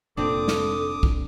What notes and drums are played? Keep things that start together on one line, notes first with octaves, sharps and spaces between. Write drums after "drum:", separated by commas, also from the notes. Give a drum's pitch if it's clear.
F1 A#2 C4 D4 A4 D6 D#6
drum: snare
drum: kick